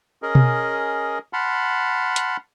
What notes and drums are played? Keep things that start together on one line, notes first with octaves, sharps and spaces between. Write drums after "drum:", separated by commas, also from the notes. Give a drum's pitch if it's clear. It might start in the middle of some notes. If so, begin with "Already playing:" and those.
C#4 G#4 A#4 D#5
drum: tom B2
F#5 A5 B5 C6 F6
drum: hi-hat